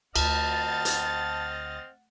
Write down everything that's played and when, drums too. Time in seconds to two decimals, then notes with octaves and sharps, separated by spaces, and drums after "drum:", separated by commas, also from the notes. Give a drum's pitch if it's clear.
0.16 D2 C4 D#5 F#5 A5 F6 A6, drum: cymbal
0.85 drum: hi-hat